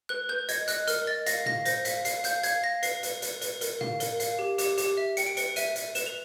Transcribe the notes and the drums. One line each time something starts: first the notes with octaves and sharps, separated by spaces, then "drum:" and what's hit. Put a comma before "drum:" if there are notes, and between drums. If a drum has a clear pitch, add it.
B4 F#6
B4 G6
D#5 G#6, drum: hi-hat
D#5 F#6, drum: hi-hat
A#4 F6, drum: hi-hat
D#5 A6
F5 A#6, drum: hi-hat
F5 A#6, drum: tom
C5 A#6, drum: hi-hat
F5 B6, drum: hi-hat
F5 C7, drum: hi-hat
F5 G6, drum: hi-hat
F5 G#6, drum: hi-hat
F5 A#6
B4 C7, drum: hi-hat
B4, drum: hi-hat
B4, drum: hi-hat
B4, drum: hi-hat
A#4, drum: hi-hat
F5, drum: tom
A#4, drum: hi-hat
F5, drum: hi-hat
G4
G4, drum: hi-hat
G4, drum: hi-hat
E5
G5 C#7, drum: hi-hat
D7
B4 C#7, drum: hi-hat
E5 D#7, drum: hi-hat
E5, drum: hi-hat
B4 E7, drum: hi-hat
F7